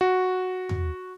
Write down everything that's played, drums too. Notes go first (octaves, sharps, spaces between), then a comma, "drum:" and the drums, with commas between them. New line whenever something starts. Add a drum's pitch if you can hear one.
F#4
drum: tom